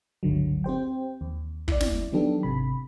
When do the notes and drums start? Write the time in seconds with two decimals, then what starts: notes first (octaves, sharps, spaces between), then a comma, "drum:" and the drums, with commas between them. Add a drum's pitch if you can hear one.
0.23 G1 C#2 D3 F#3
0.64 C4 G4 C5 G5
1.21 D#2
1.68 E4 D5, drum: kick
1.80 drum: snare
2.13 D#3 F#3 B3 D4 G4 A4
2.43 G#1 C3 B5